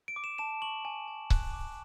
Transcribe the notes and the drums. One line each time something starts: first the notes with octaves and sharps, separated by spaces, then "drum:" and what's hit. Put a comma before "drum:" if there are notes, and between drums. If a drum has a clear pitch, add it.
D7
D6
E7
A5 E7
C#6 F#7
G#5
G#5
F#6, drum: kick C#1
D6